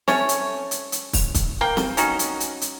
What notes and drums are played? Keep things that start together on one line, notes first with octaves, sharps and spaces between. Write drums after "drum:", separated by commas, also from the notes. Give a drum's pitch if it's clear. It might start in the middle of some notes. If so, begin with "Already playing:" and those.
A3 C#4 C#5, drum: snare C4
drum: hi-hat
drum: hi-hat
drum: hi-hat
drum: kick, open hi-hat
drum: kick, hi-hat
A#3 G5
drum: snare C4
C#4 D#4 F#4, drum: hi-hat
drum: hi-hat
drum: hi-hat
drum: hi-hat